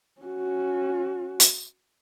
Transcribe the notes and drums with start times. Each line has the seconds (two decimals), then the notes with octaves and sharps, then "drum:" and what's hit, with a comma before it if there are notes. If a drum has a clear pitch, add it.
0.22 C#4 F#4
1.40 drum: hi-hat